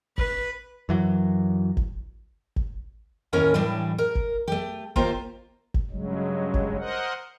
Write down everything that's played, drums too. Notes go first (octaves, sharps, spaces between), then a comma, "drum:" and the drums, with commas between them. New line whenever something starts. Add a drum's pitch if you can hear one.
B4, drum: kick G1
F#2 E3 F#3
drum: kick G1
drum: kick G1
D#2 A2 C#4 A#4 C#5 G#5
A2 E3 G3 D4
A#4
drum: kick G1
A3 G4
D#2 A#3 F4 G4 C5 A#5, drum: kick G1
drum: kick G1
G2 C#3 F#3 G#3
drum: kick G1
A#4 C5 D#5 F#5